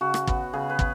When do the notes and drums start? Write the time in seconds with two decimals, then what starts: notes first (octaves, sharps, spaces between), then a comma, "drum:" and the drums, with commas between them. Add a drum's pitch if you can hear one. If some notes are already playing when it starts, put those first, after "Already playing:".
0.01 C#3 F#4
0.14 drum: rim click
0.27 B3, drum: kick
0.53 C#3 G#4
0.70 B4
0.79 B3, drum: kick